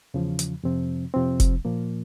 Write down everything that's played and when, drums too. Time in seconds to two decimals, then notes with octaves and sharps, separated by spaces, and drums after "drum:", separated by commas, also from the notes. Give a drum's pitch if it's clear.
0.14 E2 C#3 F3
0.39 drum: hi-hat
0.63 F2 C3 F3 C4
1.14 F2 C3 F3 C4
1.40 drum: kick F1, hi-hat
1.65 A#2 F3 A#3